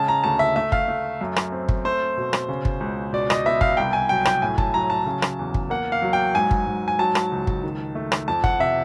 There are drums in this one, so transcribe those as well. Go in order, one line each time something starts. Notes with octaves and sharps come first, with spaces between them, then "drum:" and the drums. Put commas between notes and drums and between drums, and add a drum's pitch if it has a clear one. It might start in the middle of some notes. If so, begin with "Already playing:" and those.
Already playing: C#3 G#3 A5
A#5
D2 A5
E5
A3 E5
F5, drum: kick
A3
F#2
drum: rim click
C4
drum: kick
A3 C5
B2
drum: rim click
C#3
drum: kick
C#2
B2 D5
D#5, drum: rim click
B3 E5
F5, drum: kick
C2 G5
G#5
F#3 G5
G5, drum: rim click
A2 G#5
A5, drum: kick
F#3 A#5
A5
C#3
drum: rim click
E2
drum: kick
A#3 F#5
F5
F#3
G5
G#2 G#5
drum: kick
G#2
G#5
F#3 A5
drum: rim click
C#2
drum: kick
D#3
A3
drum: rim click
F2 A5
F#5, drum: kick
C3 E5